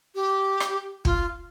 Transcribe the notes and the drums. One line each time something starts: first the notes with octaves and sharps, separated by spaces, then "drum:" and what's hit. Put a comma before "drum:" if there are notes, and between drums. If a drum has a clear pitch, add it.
G4
drum: rim click
F4, drum: kick